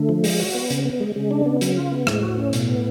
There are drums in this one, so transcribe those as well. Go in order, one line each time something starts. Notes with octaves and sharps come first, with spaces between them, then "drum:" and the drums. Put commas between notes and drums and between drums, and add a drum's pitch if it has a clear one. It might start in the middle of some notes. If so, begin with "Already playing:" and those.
Already playing: D3 A3
F3
G#3, drum: open hi-hat
F#4
B3
C#3, drum: hi-hat
B3
G#3
C#3 G#3
D4
B3
F#3, drum: hi-hat
F4
B3
A2 G#3, drum: rim click
F#4
C#4
B2, drum: hi-hat
B3